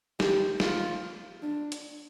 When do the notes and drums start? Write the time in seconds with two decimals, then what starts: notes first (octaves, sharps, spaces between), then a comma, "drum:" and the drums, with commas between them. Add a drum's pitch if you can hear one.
0.20 G4, drum: snare
0.60 F4, drum: snare
1.42 D4
1.72 drum: hi-hat